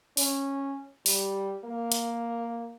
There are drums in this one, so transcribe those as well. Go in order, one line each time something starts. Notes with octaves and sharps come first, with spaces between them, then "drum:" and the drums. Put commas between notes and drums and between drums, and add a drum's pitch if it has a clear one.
C#4, drum: open hi-hat
G3, drum: open hi-hat
A#3
drum: hi-hat